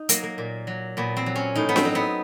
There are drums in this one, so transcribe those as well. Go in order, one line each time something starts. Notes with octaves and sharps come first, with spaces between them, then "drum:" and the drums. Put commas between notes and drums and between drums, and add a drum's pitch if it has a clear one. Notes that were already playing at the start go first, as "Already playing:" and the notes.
Already playing: D#4
F#3 A#3, drum: hi-hat
A#3
A#2
F#3
A#2 B3
C4
F#3
C#4
A2 D#4
B3
C4, drum: snare D4
F#3
B3